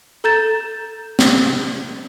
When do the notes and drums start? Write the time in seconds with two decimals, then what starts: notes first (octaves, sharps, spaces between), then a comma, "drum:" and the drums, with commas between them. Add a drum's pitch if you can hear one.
0.24 A4 A#5 G6 A6 E7
1.19 drum: snare